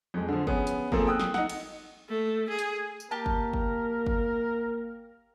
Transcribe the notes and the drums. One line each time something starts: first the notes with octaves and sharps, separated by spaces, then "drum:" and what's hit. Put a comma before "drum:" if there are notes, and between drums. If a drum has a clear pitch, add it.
F2 G#3
D3 F3
B3 C#4 G#4, drum: kick G1
drum: hi-hat
F3 A#3 C4 G#4 A4, drum: kick G1
G5 D#6 E6 F#6
drum: snare
D#4 F#5, drum: snare
drum: cymbal
A3
G#4
drum: hi-hat
drum: tambourine
A#3 G4 A#4 A5
drum: kick G1
drum: kick G1
drum: kick G1